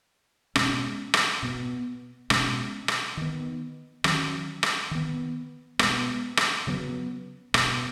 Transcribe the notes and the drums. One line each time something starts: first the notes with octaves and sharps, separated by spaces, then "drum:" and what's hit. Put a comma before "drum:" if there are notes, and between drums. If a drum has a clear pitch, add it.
B2 G#3 C#4, drum: rim click
drum: rim click
B2 B3
B2 G#3 C#4, drum: rim click
drum: rim click
D#3 B3
D#3 F#3 C#4, drum: rim click
drum: rim click
D#3 B3
B2 G#3 B3, drum: rim click
drum: rim click
C#3 F#3 B3
B2 B3, drum: rim click